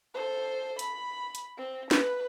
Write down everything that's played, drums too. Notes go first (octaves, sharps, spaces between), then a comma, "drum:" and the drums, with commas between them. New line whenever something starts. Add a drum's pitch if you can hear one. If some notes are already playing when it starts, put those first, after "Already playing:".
A4 C5
B5, drum: hi-hat
drum: hi-hat
C4
B4, drum: snare